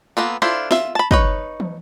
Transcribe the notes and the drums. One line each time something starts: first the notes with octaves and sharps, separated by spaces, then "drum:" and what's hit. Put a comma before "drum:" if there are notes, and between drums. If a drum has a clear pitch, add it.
A#3 B3 F4 A4
D4 E4 F4 A4 C5
F4 E5, drum: snare
A5 B5
D#4 B4 C#5, drum: kick
drum: tom